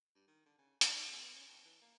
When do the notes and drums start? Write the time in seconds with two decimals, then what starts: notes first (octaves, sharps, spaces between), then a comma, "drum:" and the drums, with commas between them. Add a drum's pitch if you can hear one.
0.15 G2
0.27 D#3
0.45 D3
0.58 C#3
0.81 E2, drum: hi-hat
0.95 D#3
1.08 E2
1.22 B3
1.36 C#4
1.48 F2
1.65 E3
1.81 A#3